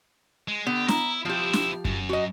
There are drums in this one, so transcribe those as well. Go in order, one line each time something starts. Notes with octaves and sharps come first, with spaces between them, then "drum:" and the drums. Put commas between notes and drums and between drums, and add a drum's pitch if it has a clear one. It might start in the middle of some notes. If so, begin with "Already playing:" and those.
G#3
D3 B3 G4
E4 A#5, drum: snare
F3 C4 E4 G4
drum: snare
F#2, drum: kick F#2
F#4 D#5